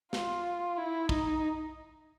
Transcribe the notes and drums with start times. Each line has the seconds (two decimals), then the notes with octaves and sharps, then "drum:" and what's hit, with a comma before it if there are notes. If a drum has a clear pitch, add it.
0.13 F4, drum: snare
0.78 E4
1.09 D#4, drum: kick